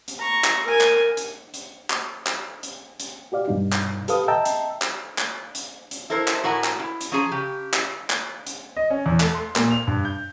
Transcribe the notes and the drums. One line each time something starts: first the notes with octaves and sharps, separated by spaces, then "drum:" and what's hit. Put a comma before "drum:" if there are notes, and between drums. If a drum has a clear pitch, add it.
drum: hi-hat
A#5 C#6
drum: clap
A#4 G#5
drum: clap
drum: hi-hat
drum: hi-hat
drum: clap
drum: clap
drum: hi-hat
drum: hi-hat
F#4 G4 D5 F5
G2 B2 D#4
drum: clap
G4 A4 B4 F5 D#6, drum: hi-hat
D#5 E5 G5 A5 A#5 E6
drum: hi-hat
drum: clap
drum: clap
drum: hi-hat
drum: hi-hat
E4 A4 A#4 C5 E5
drum: clap
A2 F#4 A#4 F#5 G#5
drum: clap
E4
drum: hi-hat
F3 C#4 G#4 A#5
C#3 G4
drum: clap
drum: clap
drum: hi-hat
D#5
C#4
E2
A3, drum: clap
C6
A#2, drum: clap
F7
G2
G6